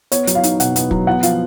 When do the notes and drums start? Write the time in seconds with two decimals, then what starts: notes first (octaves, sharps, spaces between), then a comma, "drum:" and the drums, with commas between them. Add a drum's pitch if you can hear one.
0.12 B3 C#5, drum: hi-hat
0.27 F#3, drum: hi-hat
0.35 F5
0.43 D#4, drum: hi-hat
0.60 B2 F#5, drum: hi-hat
0.76 B3, drum: hi-hat
0.91 F#3, drum: kick
1.07 B3 F#5
1.23 F3 F5, drum: hi-hat